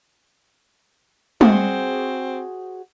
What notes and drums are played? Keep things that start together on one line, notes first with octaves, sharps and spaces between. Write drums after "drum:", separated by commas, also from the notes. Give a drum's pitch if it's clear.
C4 F#4 G#4 C5, drum: tom